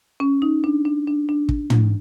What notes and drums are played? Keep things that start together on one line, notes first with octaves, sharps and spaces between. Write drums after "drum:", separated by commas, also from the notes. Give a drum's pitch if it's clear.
C#4
D#4
D4
D4
D4
D4
drum: kick
drum: tom